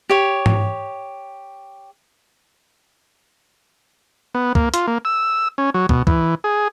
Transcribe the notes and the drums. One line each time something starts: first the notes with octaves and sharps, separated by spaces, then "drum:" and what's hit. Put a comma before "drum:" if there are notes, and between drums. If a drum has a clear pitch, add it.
G4 C#5
drum: tom G#2
B3
A#3, drum: kick
F4, drum: hi-hat
A#3
E6
C#4
F#3
B2, drum: kick
E3, drum: kick
G#4